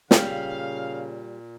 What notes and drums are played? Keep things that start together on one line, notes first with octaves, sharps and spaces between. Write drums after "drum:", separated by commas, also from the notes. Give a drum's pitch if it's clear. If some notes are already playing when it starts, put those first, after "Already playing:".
A#2 C#3 G3 F5, drum: snare